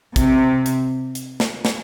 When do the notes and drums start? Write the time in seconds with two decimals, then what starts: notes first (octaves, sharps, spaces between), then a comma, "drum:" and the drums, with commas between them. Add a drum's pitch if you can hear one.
0.16 C3, drum: kick, hi-hat
0.66 drum: hi-hat
1.15 drum: hi-hat
1.40 drum: snare
1.65 drum: snare